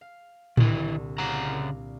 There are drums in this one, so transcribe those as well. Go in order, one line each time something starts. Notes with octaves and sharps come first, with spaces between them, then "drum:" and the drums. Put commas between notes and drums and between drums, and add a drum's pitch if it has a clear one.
F5
C2 A#2 D3 D#3 E4, drum: tom A2
C#3 F5 F#5 A#5 D6 A#6